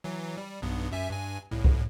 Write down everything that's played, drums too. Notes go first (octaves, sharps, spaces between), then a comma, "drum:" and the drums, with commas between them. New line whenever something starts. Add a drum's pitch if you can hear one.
E3 F#3
G3
B1 G2 B3
F#2 E5 G#5
G2 G#5
C2 A2
drum: kick C2